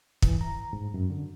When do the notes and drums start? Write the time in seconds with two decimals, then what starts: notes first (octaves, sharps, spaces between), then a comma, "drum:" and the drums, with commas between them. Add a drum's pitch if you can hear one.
0.22 E3, drum: kick
0.41 A#5
0.73 G#2
0.94 F#2
1.10 D3